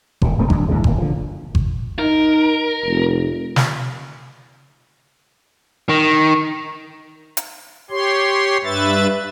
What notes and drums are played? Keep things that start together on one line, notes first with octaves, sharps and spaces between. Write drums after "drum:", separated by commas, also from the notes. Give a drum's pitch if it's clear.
D#1 A#2, drum: kick G1
D1 G1 A3 C4
D2 D3 F#3 D4, drum: kick G1
D2 A2 E3 G#3
D#1 A#3, drum: kick G1
D3 F3
drum: kick G1
D#4 A#4
F1
drum: snare
D#3
drum: hi-hat
G4 C#5 C6
G2 B4 E5 A6